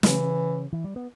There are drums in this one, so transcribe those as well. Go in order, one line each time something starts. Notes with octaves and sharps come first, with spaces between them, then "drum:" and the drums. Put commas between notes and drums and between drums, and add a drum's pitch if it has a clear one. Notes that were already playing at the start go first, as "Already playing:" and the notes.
C#3 E3, drum: snare
E3
G3
B3